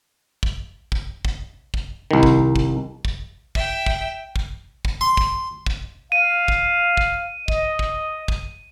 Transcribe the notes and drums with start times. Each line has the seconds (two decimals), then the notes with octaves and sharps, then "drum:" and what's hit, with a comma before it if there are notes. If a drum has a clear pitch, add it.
0.43 drum: kick
0.92 drum: kick
1.25 drum: kick
1.74 drum: kick
2.11 C2 D#3
2.23 drum: kick
2.56 drum: kick
3.05 drum: kick
3.55 E5 G5, drum: kick
3.86 drum: kick
4.36 drum: kick
4.85 drum: kick
5.01 C6
5.17 drum: kick
5.66 drum: kick
6.12 F5 D#7
6.48 drum: kick
6.97 drum: kick
7.48 D#5, drum: kick
7.79 drum: kick
8.28 drum: kick